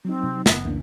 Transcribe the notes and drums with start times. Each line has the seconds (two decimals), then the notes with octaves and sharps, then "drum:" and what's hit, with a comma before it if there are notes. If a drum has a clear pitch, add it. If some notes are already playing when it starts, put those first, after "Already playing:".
0.05 F#3 C4 D#4
0.24 C3
0.46 F#1 B3, drum: snare
0.64 C2 F2 C#3 E3 A#3 D4